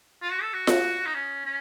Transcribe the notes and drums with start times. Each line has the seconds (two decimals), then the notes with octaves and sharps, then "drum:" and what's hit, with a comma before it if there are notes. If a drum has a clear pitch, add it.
0.22 F4
0.32 F#4
0.42 A4
0.53 F#4
0.67 drum: snare F4
1.06 D#4
1.14 C#4
1.45 C#4